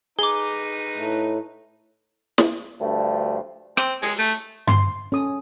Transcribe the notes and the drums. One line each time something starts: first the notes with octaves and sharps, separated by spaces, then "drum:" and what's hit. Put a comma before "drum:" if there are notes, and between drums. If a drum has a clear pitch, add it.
D#4 G#4 B4 A#5 D6 G7
A2 A3
drum: snare
D2 G2 F3 A3
C4, drum: rim click
G#3, drum: open hi-hat
A3
C6, drum: tom G2
C#4 A4 D#6